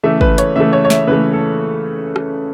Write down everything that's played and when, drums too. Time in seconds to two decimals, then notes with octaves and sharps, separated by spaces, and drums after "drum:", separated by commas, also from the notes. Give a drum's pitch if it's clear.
0.03 C#3 E3 A3 E5
0.21 B4, drum: kick
0.38 C#5, drum: hi-hat
0.56 C#3 E3 A3 E5
0.73 C#5
0.85 C#5
0.90 E5, drum: snare
1.07 C#3 E3 A3 B4
1.33 A4
2.16 drum: rim click